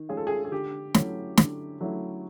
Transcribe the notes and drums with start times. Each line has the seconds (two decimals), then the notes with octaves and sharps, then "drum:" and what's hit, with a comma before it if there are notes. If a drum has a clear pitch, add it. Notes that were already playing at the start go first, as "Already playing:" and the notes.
Already playing: D#3
0.09 G#3 C#4 F4 G#4
0.17 A4
0.27 G#4
0.45 G#4
0.51 D3 G4
0.94 F#3 A3 C#4 E4, drum: snare
1.37 D3, drum: snare
1.81 F#3 A3 C#4 E4